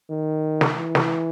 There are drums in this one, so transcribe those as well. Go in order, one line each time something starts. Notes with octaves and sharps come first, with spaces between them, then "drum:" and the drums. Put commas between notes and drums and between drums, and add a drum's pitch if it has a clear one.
D#3
drum: snare
E3
drum: snare